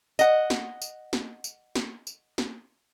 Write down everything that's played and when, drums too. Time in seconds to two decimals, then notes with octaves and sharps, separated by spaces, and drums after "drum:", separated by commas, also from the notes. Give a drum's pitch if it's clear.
0.19 D#5 F#5, drum: tambourine
0.50 drum: snare
0.82 drum: tambourine
1.13 drum: snare
1.44 drum: tambourine
1.75 drum: snare
2.07 drum: tambourine
2.38 drum: snare